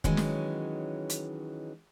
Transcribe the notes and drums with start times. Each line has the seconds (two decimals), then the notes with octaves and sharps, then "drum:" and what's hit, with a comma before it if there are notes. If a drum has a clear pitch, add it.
0.04 D#3 E3 F#3 G#3 C#4, drum: kick
0.17 drum: snare
1.10 drum: hi-hat